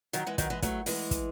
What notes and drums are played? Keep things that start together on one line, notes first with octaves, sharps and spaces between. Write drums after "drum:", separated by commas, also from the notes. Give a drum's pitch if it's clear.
D#3 F#3, drum: hi-hat
E3 G#3
D#3 F#3, drum: kick, hi-hat
E3 G#3
F#3 A3, drum: kick, hi-hat
E3 G#3, drum: open hi-hat
drum: kick, hi-hat